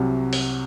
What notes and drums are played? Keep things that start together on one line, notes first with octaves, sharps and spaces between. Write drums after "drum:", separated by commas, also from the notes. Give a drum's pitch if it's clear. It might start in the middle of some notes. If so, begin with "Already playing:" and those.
Already playing: C2 C3 F#3
drum: open hi-hat